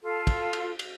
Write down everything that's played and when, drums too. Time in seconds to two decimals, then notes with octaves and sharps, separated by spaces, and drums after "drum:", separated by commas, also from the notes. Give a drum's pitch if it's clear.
0.01 F4 A4
0.27 drum: kick, cymbal
0.53 drum: cymbal
0.79 drum: cymbal